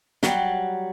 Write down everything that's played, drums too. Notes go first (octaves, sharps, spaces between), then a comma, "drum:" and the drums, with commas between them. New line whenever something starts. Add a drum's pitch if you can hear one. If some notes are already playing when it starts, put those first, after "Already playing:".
F#3 G3, drum: snare